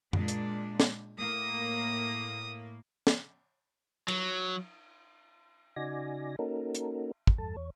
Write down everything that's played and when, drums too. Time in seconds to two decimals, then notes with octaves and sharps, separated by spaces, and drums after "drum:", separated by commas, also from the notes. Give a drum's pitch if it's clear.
0.13 A#2 G#3 D4, drum: tom F#2
0.28 drum: hi-hat
0.80 drum: snare
1.18 A2 A#3 D#6
3.07 drum: snare
4.08 F#3, drum: cymbal
5.76 C#3 D#4 F#4 D5 G#5 A#6
6.39 A#3 C#4 D#4 F#4 A4 A#4
6.75 drum: hi-hat
7.27 drum: kick
7.38 E2 G2 A4 A5
7.57 E2 C#5